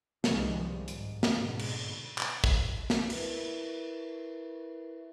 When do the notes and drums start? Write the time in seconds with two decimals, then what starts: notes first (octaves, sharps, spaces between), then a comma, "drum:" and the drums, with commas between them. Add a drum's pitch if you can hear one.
0.24 C2 G2 D#3 F3 G3 G#3, drum: snare
0.88 G#2, drum: hi-hat
1.23 drum: snare
1.35 G#2 B2 D3
1.59 drum: cymbal
2.18 drum: clap
2.44 drum: kick
2.90 drum: snare
3.10 E4 A#4 B4 E5, drum: cymbal